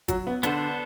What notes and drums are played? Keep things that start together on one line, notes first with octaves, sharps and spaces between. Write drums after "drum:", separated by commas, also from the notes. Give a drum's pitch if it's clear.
F#3, drum: kick, hi-hat
B3
D3 B3 D4 A4 C5, drum: hi-hat